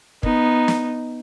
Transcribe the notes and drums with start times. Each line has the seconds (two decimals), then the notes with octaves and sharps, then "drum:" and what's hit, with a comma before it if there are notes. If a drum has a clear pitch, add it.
0.23 B3 D#4, drum: kick
0.68 drum: snare